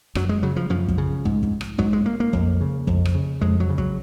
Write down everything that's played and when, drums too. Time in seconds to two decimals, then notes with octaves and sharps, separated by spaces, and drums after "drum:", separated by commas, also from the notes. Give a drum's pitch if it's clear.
0.15 F#2 F#3, drum: rim click
0.29 G#3
0.43 C#3 F#3
0.56 F3
0.70 F#2 F3
0.88 drum: kick
0.98 C#3
1.25 G#2, drum: kick
1.43 drum: kick
1.61 drum: rim click
1.78 G#2 F#3, drum: kick
1.93 G#3
2.06 A#3
2.20 A#3
2.33 F2, drum: kick
2.61 C#3
2.87 F2, drum: kick
3.05 drum: rim click
3.15 C#3
3.41 F2 G#3
3.60 F#3
3.69 C#3
3.78 F#3, drum: kick